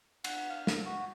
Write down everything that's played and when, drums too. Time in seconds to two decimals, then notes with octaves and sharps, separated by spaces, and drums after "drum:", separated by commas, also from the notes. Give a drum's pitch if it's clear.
0.24 F#5, drum: cymbal
0.50 F5
0.67 drum: snare
0.85 F#4